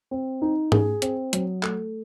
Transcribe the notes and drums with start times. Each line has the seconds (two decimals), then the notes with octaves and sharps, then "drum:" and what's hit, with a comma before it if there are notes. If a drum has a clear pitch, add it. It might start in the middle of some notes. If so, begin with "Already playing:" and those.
0.11 C4
0.42 D#4
0.72 G#4, drum: tom G#2
1.02 C4, drum: hi-hat
1.33 F#3, drum: hi-hat
1.63 A3, drum: clap